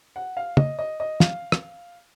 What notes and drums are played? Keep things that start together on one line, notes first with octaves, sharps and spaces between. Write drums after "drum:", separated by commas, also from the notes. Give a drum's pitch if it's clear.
F#5
F5
D#5, drum: tom
D#5
D#5
F5, drum: snare
drum: rim click